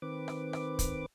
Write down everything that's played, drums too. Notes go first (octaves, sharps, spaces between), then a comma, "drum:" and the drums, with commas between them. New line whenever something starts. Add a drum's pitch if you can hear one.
D#3 C4 B4 D6
drum: rim click
drum: rim click
drum: kick, hi-hat